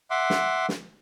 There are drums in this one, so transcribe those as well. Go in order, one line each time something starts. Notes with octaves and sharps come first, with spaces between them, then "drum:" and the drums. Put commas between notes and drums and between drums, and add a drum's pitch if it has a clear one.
E5 F#5 C6 D6
drum: snare
drum: snare